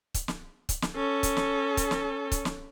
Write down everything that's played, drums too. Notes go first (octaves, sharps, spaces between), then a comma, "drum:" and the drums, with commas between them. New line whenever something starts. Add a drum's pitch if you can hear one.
drum: kick, hi-hat
drum: snare
drum: kick, hi-hat
drum: snare
C#4 A4
drum: kick, hi-hat
drum: snare
drum: kick, hi-hat
drum: snare
drum: kick, hi-hat
drum: snare